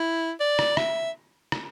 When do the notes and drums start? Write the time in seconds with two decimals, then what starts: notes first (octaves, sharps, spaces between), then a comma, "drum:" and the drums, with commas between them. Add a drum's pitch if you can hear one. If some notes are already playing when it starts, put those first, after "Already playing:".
Already playing: E4
0.40 D5
0.59 drum: rim click
0.77 E5, drum: rim click
1.52 drum: rim click